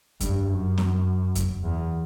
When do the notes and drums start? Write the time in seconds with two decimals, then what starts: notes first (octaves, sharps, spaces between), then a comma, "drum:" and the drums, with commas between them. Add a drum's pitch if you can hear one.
0.20 G2, drum: kick F2, hi-hat
0.49 F#2
0.78 drum: snare C4
1.35 drum: kick F2, hi-hat
1.64 E2